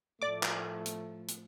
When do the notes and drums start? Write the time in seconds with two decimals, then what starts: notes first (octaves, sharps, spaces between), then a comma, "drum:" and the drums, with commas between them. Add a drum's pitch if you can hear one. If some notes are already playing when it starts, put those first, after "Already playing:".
0.22 A2 F3 A3 D5 D6
0.43 drum: clap
0.86 drum: hi-hat
1.28 drum: hi-hat